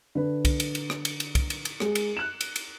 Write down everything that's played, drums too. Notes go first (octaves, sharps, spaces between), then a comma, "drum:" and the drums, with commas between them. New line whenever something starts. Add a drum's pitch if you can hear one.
D3 B4
drum: kick, cymbal
drum: cymbal
drum: cymbal
drum: rim click
drum: cymbal
drum: cymbal
drum: kick, cymbal
drum: cymbal
drum: cymbal
G#3, drum: rim click
drum: cymbal
F#6 E7
drum: cymbal
drum: cymbal